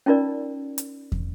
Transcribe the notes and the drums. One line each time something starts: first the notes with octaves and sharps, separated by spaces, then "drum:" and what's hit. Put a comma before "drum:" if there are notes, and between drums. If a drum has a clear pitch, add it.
C#4 D#4 F4 A#4 D5
drum: hi-hat
drum: kick